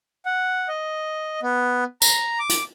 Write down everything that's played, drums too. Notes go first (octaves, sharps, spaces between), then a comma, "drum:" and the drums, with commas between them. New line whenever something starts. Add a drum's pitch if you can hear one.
F#5
D#5
B3
A#5, drum: tambourine
D6
drum: hi-hat